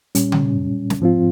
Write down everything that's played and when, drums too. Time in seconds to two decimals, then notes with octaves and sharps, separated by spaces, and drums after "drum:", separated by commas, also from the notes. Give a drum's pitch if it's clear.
0.15 A#2 G3 C#4, drum: hi-hat
0.32 drum: tom C#3
0.90 drum: snare
1.00 G#2 F3 C4 F4